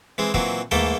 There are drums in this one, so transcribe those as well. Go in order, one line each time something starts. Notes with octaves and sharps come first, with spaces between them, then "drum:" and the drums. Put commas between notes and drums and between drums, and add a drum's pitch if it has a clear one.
E3 G#3 C4
A#2 E3 F#3 C4, drum: kick
G#2 E3 A3 A#3 A4 G5, drum: tom D#2